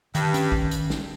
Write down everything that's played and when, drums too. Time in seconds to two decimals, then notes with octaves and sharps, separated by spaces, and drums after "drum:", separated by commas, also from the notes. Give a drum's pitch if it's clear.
0.15 G2 D#3, drum: hi-hat
0.34 C#4, drum: hi-hat
0.52 D#3, drum: kick A1
0.71 drum: hi-hat
0.90 drum: snare